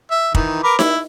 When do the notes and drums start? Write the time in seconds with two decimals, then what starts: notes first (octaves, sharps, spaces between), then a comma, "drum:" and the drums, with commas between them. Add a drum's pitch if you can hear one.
0.11 E5
0.35 D#3 E3, drum: kick
0.63 A#4 B4 D6
0.79 E4, drum: snare D#4